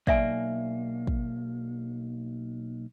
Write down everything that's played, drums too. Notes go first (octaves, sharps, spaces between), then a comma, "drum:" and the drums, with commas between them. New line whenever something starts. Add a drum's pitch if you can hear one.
B1 A#3 D5 E5 G#5, drum: kick
drum: kick